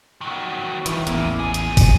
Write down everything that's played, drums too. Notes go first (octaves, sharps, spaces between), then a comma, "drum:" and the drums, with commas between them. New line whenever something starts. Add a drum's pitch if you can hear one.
D#3 F#3
D#3 E3 G3, drum: hi-hat
A1 E2 A#3 E4, drum: hi-hat
A#2 G#4
drum: hi-hat
drum: kick, open hi-hat